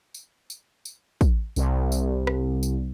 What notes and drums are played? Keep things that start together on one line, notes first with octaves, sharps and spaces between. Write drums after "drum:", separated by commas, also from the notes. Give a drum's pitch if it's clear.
drum: tambourine
drum: tambourine
drum: tambourine
drum: kick, tambourine
C2, drum: tambourine
drum: tambourine
drum: rim click
drum: tambourine